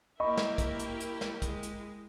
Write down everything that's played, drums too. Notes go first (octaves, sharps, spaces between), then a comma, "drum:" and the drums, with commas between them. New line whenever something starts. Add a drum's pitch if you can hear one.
A#3 E4 G4 A#4 D#5 E5 B5 C#6
drum: snare
drum: kick, hi-hat
drum: hi-hat
drum: hi-hat
drum: snare
G#3, drum: kick, hi-hat
drum: hi-hat